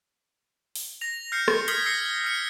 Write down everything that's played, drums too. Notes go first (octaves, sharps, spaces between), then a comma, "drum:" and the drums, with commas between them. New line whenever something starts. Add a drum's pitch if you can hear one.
drum: open hi-hat
A#6 F7
F6 G6 C7 C#7
drum: rim click
D#6 F6 G#6 B6 C7 G7, drum: hi-hat
E6 A#6 C7 C#7
F6 C#7